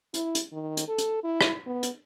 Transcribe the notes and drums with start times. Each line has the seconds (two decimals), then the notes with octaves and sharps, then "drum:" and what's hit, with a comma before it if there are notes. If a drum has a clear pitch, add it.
0.14 E4, drum: hi-hat
0.35 drum: hi-hat
0.53 D#3
0.77 drum: hi-hat
0.88 A4
0.98 drum: hi-hat
1.24 E4
1.41 drum: rim click
1.66 B3
1.83 drum: hi-hat